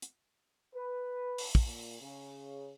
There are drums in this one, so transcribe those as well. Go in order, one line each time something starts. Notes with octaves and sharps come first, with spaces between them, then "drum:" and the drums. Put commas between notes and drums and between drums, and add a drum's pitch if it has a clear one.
drum: hi-hat
B4
drum: open hi-hat
drum: kick
A#2
C#3